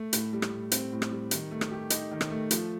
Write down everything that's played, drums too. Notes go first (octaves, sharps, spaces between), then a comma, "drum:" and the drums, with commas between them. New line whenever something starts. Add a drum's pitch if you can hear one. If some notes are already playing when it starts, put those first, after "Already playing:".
Already playing: A3
A2, drum: hi-hat
G3
drum: rim click
A2
C4, drum: hi-hat
A2
drum: rim click
G3
D#3, drum: hi-hat
A3
drum: rim click
G4
D#4, drum: hi-hat
D#3
drum: rim click
A3
F3, drum: hi-hat